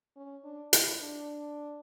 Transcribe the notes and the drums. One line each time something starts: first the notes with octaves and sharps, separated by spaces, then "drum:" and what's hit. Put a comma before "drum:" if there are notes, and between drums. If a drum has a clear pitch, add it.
C#4
D4
E4, drum: hi-hat
D4